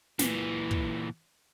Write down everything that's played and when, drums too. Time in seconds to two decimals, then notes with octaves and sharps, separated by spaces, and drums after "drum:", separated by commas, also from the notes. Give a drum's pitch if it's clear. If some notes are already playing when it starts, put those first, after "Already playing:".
0.19 A#2 E3, drum: snare
0.71 drum: kick